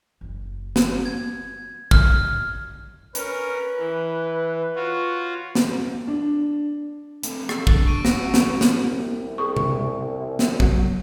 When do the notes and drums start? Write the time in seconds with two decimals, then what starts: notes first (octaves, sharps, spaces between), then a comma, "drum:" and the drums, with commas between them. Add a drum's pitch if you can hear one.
0.21 F#1 C#3
0.76 drum: snare
1.05 G#6
1.91 F6, drum: kick
3.15 C#4 A#4 B4, drum: hi-hat
3.78 E3
4.76 F4 F#4 C#5
5.55 drum: snare
6.08 D4
7.23 A3 C4, drum: hi-hat
7.49 E6 A6, drum: rim click
7.67 D4, drum: kick
7.86 C#6 D7 D#7
8.05 E5 F#5 A#6, drum: snare
8.23 D#7
8.34 drum: snare
8.61 drum: snare
8.76 C2
9.38 G#4 C#6
9.57 drum: tom C3
10.39 drum: snare
10.60 F#3, drum: kick